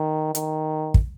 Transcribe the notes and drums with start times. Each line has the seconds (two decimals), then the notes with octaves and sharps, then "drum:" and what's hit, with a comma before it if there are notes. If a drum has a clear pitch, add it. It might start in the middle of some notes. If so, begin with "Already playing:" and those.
Already playing: D#3
0.35 D#3, drum: hi-hat
0.94 drum: kick